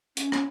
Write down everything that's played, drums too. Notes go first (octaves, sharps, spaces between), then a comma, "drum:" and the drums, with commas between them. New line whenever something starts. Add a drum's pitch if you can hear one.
C#4, drum: hi-hat
drum: rim click